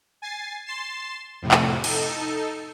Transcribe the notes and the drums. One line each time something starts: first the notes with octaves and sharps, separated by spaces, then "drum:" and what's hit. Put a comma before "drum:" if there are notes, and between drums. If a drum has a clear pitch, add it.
G#5 A6 C7
C6 A6 C7 E7
F2 A2 C3
drum: clap
D#4 A4, drum: cymbal